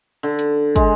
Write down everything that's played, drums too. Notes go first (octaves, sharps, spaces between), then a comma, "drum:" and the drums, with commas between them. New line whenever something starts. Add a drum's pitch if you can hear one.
D3
drum: hi-hat
G#3, drum: kick, hi-hat